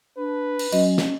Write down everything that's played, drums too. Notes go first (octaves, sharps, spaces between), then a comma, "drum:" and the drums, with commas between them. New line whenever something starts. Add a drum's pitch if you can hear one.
D4 B4
drum: cymbal
F#3 C#4 D#5, drum: cymbal
drum: snare